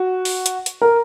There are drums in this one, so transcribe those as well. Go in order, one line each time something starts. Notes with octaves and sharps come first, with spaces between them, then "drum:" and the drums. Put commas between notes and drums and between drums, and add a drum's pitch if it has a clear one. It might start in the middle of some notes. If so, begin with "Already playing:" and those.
Already playing: F#4
drum: open hi-hat
drum: hi-hat
drum: hi-hat
A#4